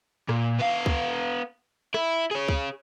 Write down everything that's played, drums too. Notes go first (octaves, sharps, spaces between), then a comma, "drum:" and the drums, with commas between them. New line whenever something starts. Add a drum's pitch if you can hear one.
A#2, drum: rim click
B3 F5
drum: kick C#2
E4, drum: rim click
G#4 C#5
drum: kick C#2